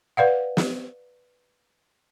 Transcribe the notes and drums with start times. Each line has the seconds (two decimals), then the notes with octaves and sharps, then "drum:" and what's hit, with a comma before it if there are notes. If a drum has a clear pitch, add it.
0.17 B4 D5 F5 F#5
0.57 drum: snare